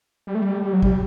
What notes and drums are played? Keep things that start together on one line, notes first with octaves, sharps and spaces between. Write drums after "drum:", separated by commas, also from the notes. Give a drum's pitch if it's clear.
G3
A3
G3
G3
F#3
G3, drum: kick G1